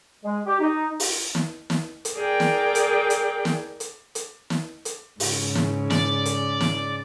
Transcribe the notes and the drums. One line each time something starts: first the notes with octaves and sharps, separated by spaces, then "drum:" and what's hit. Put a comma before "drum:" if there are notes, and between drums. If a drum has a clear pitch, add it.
G#3
G4
D#4
drum: open hi-hat
drum: snare
drum: snare
drum: hi-hat
G#4 A#4 D5 G5
drum: snare
drum: hi-hat
drum: hi-hat
drum: snare
drum: hi-hat
drum: hi-hat
drum: snare
drum: hi-hat
G#2 C#3, drum: open hi-hat
drum: snare
D5, drum: snare
drum: hi-hat
drum: snare